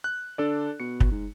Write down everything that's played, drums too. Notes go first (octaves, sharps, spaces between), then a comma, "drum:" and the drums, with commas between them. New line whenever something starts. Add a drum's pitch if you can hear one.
F#6
D3 D4 A4 D5
B2 C#7
drum: kick
G#2